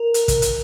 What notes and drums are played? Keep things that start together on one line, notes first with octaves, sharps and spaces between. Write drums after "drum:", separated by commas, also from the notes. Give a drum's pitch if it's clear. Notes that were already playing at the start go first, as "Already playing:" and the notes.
Already playing: A#4
drum: hi-hat
drum: kick, hi-hat
drum: hi-hat